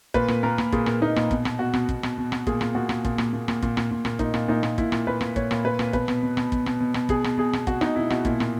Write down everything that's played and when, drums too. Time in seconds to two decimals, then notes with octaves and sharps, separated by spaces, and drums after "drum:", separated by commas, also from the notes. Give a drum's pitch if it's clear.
0.14 A#2 B4, drum: kick
0.28 A#2, drum: rim click
0.43 A#2 A#4
0.58 A#2, drum: rim click
0.72 A#2 G#4, drum: kick
0.86 A#2, drum: rim click
1.01 A#2 D#4
1.16 A#2, drum: rim click
1.31 B2, drum: kick
1.45 B2, drum: rim click
1.59 B2 F#4
1.73 B2, drum: rim click
1.89 B2, drum: kick
2.03 B2, drum: rim click
2.18 B2
2.32 B2, drum: rim click
2.47 A#2 G#4, drum: kick
2.61 A#2, drum: rim click
2.75 A#2 F#4
2.89 A#2, drum: rim click
3.05 A#2, drum: kick
3.18 A#2, drum: rim click
3.33 A#2
3.48 A#2, drum: rim click
3.62 A#2, drum: kick
3.77 A#2, drum: rim click
3.91 A#2
4.05 A#2, drum: rim click
4.19 A#2 D#4, drum: kick
4.34 A#2, drum: rim click
4.48 A#2 D#4
4.63 A#2, drum: rim click
4.78 A#2 E4, drum: kick
4.92 A#2, drum: rim click
5.07 A#2 B4
5.21 A#2, drum: rim click
5.36 A#2 C#5, drum: kick
5.51 A#2, drum: rim click
5.65 A#2 B4
5.79 A#2, drum: rim click
5.93 B2 B4, drum: kick
6.08 B2, drum: rim click
6.23 B2
6.37 B2, drum: rim click
6.52 B2, drum: kick
6.66 B2, drum: rim click
6.80 B2
6.94 B2, drum: rim click
7.09 B2 G#4, drum: kick
7.24 B2, drum: rim click
7.38 B2 G#4
7.53 B2, drum: rim click
7.67 B2 F#4, drum: kick
7.81 B2 D#4, drum: rim click
7.96 B2 E4
8.10 B2 F#4, drum: rim click
8.25 A#2 E4, drum: kick
8.40 A#2, drum: rim click